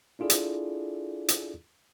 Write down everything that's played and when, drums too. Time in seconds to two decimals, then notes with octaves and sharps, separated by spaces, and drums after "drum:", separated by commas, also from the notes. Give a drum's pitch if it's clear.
0.19 D4 E4 F4 G#4 A4 D5
0.30 drum: hi-hat
1.28 drum: hi-hat